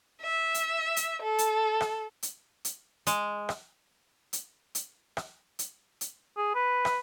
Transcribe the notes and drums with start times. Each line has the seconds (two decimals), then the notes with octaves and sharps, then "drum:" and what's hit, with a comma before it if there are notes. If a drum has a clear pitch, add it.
0.21 E5
0.54 drum: hi-hat
0.96 drum: hi-hat
1.22 A4
1.39 drum: hi-hat
1.81 drum: rim click
2.23 drum: hi-hat
2.65 drum: hi-hat
3.07 G#3, drum: hi-hat
3.49 drum: rim click
4.33 drum: hi-hat
4.75 drum: hi-hat
5.17 drum: rim click
5.59 drum: hi-hat
6.01 drum: hi-hat
6.37 G#4
6.55 B4
6.85 drum: rim click